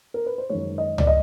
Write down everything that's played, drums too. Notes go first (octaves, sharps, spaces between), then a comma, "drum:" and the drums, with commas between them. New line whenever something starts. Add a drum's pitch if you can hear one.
A#4
B4
C5
F#2 D#3 G#3 C#5
D#5
D5, drum: tom C#2
D#5